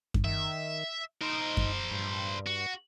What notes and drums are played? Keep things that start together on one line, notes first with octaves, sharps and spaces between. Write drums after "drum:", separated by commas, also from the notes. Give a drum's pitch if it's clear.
drum: kick F#2
D#3 E5
D#4 A#4 C5
drum: kick F#2
G2
F#4